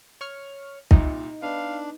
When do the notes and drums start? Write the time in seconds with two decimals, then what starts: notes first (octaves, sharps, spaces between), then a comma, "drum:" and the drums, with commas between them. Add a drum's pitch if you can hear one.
0.21 C#5 C#6 F6
0.91 C2 A#2 D#4, drum: kick
1.42 B3 D4 F5